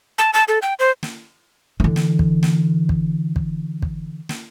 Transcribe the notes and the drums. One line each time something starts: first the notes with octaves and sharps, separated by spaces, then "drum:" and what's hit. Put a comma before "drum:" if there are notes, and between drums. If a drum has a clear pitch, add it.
A5
A5
A4
G5
C5
drum: snare
D3 E3
drum: snare
drum: kick
drum: snare
drum: kick
drum: kick
drum: kick
drum: snare